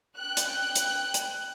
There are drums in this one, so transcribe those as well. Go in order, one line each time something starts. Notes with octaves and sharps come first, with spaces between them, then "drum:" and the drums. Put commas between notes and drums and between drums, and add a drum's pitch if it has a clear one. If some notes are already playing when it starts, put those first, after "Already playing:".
G5 F#6
drum: hi-hat
drum: hi-hat
drum: hi-hat